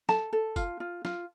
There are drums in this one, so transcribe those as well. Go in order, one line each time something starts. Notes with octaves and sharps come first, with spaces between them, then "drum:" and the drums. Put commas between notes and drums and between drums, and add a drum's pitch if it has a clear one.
A4 A5, drum: snare
A4
F4, drum: kick F#1, tambourine
F4
F4, drum: snare